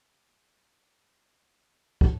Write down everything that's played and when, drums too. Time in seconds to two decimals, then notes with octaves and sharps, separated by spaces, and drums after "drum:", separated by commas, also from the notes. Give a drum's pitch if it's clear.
0.24 F#1 C6
0.45 F#2 F#3 A3 D#5
0.65 F#1 E5
0.86 F#2 F#3 A3
1.06 E2
1.27 B2 G3
1.46 E2 D#5
1.67 B2 G3
1.87 A1
2.01 drum: kick